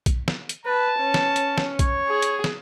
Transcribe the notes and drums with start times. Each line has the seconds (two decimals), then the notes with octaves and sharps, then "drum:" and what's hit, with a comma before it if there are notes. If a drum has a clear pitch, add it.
0.06 drum: kick B1, hi-hat
0.28 drum: snare
0.49 drum: hi-hat
0.66 B4 A5
1.00 C#4
1.14 drum: snare
1.36 drum: hi-hat
1.58 drum: snare
1.79 C#5, drum: kick B1, hi-hat
2.08 G#4
2.22 drum: hi-hat
2.44 drum: snare